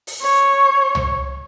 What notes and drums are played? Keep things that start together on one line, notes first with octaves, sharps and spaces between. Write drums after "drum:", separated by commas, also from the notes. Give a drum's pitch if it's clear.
drum: open hi-hat
C#5
drum: tom